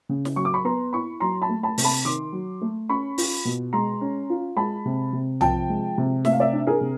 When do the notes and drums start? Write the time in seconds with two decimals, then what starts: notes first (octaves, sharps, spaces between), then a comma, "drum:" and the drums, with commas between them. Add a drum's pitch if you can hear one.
0.09 C#3
0.25 drum: snare
0.36 F#3 C#6
0.45 D6
0.54 B5 C#6
0.65 B3 A#5 C6
0.93 E4 B5 C#6
1.20 F#3 A#5 C6
1.42 A5 B5
1.49 A3
1.63 A5 B5
1.78 C3, drum: open hi-hat
1.84 A5 B5
2.05 D#3 C6 D6
2.32 F#3
2.61 A3
2.89 C#4 B5 C#6
3.18 F4, drum: open hi-hat
3.45 B2
3.73 G#3 A#5 C6
4.01 C#4
4.30 F4
4.57 G#3 A5 B5
4.85 C3
5.13 C3
5.41 F3 G5 A5, drum: tom
5.69 G#3
5.98 C3
6.25 A3 E5, drum: snare
6.33 F5
6.40 D5 E5
6.53 D4
6.67 G#4 A#4
6.81 C3